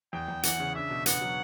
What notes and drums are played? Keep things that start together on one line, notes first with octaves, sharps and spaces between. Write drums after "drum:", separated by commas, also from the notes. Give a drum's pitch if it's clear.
E2 G5
E2
E3 F#5, drum: hi-hat
C#3
D4 E5
B2
B3 F#5, drum: hi-hat
F#3